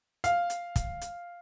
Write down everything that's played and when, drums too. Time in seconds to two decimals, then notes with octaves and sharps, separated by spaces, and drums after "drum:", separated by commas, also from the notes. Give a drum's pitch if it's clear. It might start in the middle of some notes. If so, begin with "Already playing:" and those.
0.24 F5, drum: hi-hat
0.50 drum: hi-hat
0.76 drum: kick, hi-hat
1.01 drum: hi-hat